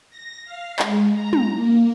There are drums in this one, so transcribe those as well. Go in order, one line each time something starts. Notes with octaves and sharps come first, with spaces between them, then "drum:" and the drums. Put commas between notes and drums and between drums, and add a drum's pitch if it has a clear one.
A#6
F5
G#3, drum: clap
A#5
drum: tom
A#3